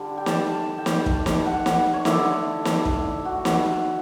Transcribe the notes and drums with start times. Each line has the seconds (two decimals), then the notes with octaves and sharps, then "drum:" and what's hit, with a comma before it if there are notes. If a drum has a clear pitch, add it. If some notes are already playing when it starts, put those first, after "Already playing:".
Already playing: D3 G3 D4
0.18 G5
0.26 A5, drum: snare
0.78 G5
0.86 A5, drum: snare
1.06 drum: kick
1.26 drum: snare
1.46 F#5
1.66 drum: snare
1.94 C#5
2.05 D3 A3 E4 D5, drum: snare
2.65 drum: snare
2.85 drum: kick
3.25 F#4
3.45 drum: snare